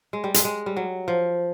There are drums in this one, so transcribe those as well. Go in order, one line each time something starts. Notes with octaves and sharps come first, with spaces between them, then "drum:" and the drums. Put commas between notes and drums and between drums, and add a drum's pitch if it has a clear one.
G#3
G3
G#3, drum: hi-hat
G#3
G3
F#3
F3